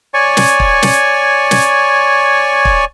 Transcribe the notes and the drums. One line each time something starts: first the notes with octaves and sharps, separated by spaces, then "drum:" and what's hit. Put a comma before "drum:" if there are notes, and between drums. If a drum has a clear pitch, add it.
C#5 D5 G#5 C#6
drum: snare
drum: kick
drum: snare
drum: snare
drum: kick